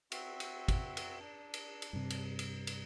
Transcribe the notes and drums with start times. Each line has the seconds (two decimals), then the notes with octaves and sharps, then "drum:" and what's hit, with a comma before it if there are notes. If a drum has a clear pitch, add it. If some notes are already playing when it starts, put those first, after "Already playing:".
0.12 C4 F#4 E5, drum: cymbal
0.40 drum: cymbal
0.68 drum: kick, cymbal
0.97 drum: cymbal
1.19 D4
1.54 drum: cymbal
1.82 drum: cymbal
1.93 G2 C3
2.10 drum: cymbal
2.39 drum: cymbal
2.67 drum: cymbal